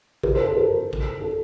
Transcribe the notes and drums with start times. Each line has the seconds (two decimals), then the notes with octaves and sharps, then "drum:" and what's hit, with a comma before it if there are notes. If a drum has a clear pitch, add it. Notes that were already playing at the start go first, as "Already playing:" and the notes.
0.23 A#4, drum: kick
0.35 C5
0.45 A4
0.57 A#4
0.93 drum: kick
1.21 A4